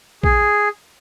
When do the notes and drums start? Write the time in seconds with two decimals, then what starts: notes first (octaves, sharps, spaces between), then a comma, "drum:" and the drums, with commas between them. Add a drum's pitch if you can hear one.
0.23 G#4, drum: kick